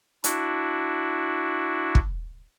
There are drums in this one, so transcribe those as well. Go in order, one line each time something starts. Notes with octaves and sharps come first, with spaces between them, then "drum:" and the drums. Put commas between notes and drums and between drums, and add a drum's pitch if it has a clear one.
D4 E4 F#4, drum: hi-hat
drum: kick